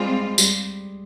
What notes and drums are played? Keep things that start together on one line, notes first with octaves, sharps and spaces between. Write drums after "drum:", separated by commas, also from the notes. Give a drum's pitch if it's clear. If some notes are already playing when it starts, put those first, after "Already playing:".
Already playing: G3 G#3 C4 F4
G3, drum: tambourine